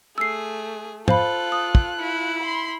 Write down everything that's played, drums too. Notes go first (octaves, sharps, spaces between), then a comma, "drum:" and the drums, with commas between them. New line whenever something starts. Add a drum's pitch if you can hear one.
A3 G#4 E6 C7
F4 A4 C5 F5 B5 F#6, drum: tom
D#6
drum: kick
E4
B5 C6